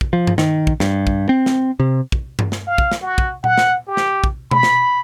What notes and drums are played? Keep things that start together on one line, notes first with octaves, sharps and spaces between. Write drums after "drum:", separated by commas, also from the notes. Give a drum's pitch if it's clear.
drum: kick
F3
drum: tom G2
D#3, drum: snare
drum: kick
G2, drum: snare
drum: kick
C4
drum: snare
C3
drum: kick
drum: tom G2
drum: snare
F5
drum: kick
drum: snare
F#4
drum: kick
F#5, drum: tom A#2
drum: snare
G4
drum: snare
drum: kick
B5, drum: tom B2
drum: snare